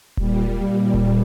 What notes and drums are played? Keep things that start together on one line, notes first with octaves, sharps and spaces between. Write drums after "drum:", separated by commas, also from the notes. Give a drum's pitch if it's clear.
A#2 G3, drum: kick D#1
drum: kick D#1